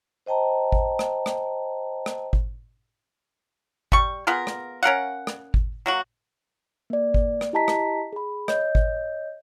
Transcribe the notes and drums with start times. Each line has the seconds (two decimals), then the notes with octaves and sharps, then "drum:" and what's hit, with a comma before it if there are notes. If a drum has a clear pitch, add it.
0.26 C5 D#5 G5 A5 A#5
0.72 drum: kick G#1
0.99 drum: rim click
1.26 drum: rim click
2.06 drum: rim click
2.33 drum: kick G#1
3.92 G3 C#6, drum: kick G#1
4.27 B3 F4 G#4 A#4
4.47 drum: rim click
4.83 C#4 A#4 F5 F#5
5.27 drum: rim click
5.54 drum: kick G#1
5.86 F#3 A#3 F#4
6.90 A#3 D5
7.14 drum: kick G#1
7.41 drum: rim click
7.53 E4 G4 D#5 A5 A#5 B6
7.68 drum: rim click
8.13 G#4 B5
8.48 C#5 D#5 G6, drum: rim click
8.75 drum: kick G#1